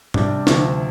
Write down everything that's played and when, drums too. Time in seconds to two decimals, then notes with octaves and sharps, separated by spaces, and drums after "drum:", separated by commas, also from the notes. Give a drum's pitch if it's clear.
0.14 C3 G3 D4, drum: tom G#2
0.47 D2 C3 F3, drum: snare